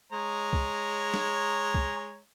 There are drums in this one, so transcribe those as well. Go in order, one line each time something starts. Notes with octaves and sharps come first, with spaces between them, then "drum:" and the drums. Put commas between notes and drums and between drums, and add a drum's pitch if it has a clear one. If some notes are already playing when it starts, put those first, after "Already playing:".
G#3 C#5 A#5
drum: kick
drum: snare
drum: kick